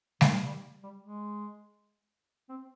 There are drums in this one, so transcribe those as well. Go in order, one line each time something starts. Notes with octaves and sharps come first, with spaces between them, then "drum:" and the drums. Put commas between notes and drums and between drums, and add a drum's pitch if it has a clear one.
C#3, drum: snare G3
D#3
G3
G3
G#3
C4